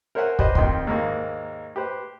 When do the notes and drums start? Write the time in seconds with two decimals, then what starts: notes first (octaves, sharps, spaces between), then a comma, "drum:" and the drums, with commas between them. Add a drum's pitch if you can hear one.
0.15 A#4 C5 C#5 E5 F#5 G#5
0.39 G4 B4 C5 D5 D#5, drum: kick
0.55 F2 D#3 D#5 G5 C6, drum: kick
0.87 D#2 G#2 G#3 A#3
1.76 G4 B4 C5